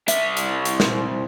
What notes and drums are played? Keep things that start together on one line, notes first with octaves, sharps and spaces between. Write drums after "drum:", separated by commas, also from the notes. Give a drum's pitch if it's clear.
C2 E5, drum: hi-hat
drum: hi-hat
drum: hi-hat
drum: snare